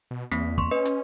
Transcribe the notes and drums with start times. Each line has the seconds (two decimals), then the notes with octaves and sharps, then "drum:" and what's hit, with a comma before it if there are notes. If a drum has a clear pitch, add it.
0.11 B2
0.32 E2 A#3 C4 B6, drum: hi-hat
0.58 C6 C#6, drum: kick
0.71 C#4 B4 D#5
0.85 drum: hi-hat